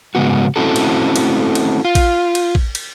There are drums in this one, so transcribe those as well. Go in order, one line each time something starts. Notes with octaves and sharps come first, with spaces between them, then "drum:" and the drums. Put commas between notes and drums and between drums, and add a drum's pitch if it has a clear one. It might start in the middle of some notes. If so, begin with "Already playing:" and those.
G#2 C#3 G#3 B3 F#4
A3 C4 C#4 E4 F#4 A4
drum: cymbal
drum: cymbal
drum: cymbal
F4
drum: kick A1, cymbal
drum: cymbal
drum: kick A1
drum: cymbal